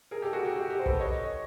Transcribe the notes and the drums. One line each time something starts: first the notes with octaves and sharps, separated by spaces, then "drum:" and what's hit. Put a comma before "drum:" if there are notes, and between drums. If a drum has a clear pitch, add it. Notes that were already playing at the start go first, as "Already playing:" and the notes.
G#4 A#4
G4 A4
F#4 G#4
G4
G4
G4
C5
A4 B4, drum: kick
C#5 D#5